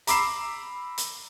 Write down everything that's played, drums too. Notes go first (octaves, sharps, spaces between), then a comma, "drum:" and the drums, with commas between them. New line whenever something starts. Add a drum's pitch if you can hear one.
A#5 B5 D6 E6 C7 E7, drum: hi-hat
drum: hi-hat